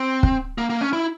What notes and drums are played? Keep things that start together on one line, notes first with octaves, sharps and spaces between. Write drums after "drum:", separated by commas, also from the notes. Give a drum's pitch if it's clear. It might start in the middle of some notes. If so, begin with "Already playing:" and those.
Already playing: C4
drum: kick
A#3
A#3
C#4
E4